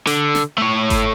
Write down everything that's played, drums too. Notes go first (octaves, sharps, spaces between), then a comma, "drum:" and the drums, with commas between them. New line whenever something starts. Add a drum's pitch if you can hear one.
D3, drum: hi-hat
drum: snare
A3 C#5
drum: kick G1, hi-hat